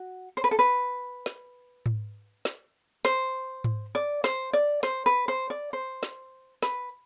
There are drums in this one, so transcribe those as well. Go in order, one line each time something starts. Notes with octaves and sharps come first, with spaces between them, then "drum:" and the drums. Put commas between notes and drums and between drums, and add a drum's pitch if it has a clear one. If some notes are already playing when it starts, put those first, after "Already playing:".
Already playing: F#4
C5
B4
A4
B4
drum: snare
drum: tom G#2
drum: snare
C5, drum: snare
drum: tom G#2
D5
C5, drum: snare
D5
C5, drum: snare
B4
C5
D5
C5
drum: snare
B4, drum: snare